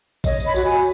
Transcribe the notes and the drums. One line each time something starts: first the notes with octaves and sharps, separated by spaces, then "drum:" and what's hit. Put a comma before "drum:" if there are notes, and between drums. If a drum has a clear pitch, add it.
C#5 D#5, drum: kick, tambourine
C#5, drum: tambourine
B5
F#4, drum: tambourine
F#4 G#5